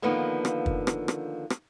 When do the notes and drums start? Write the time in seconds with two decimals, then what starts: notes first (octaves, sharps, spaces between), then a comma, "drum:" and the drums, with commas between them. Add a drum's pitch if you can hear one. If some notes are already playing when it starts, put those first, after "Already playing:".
0.02 D3 D#3 F3 A#3 B3
0.45 drum: rim click
0.66 drum: kick
0.87 drum: rim click
1.08 drum: rim click
1.50 drum: rim click